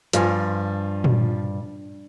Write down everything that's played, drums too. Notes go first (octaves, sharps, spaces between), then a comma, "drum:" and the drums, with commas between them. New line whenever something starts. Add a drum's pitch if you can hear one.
G2 F3 F4 G#5, drum: hi-hat
drum: tom A#2